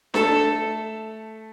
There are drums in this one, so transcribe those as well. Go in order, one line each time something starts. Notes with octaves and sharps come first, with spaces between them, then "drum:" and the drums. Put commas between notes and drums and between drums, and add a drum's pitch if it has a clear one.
A3 A4, drum: snare D4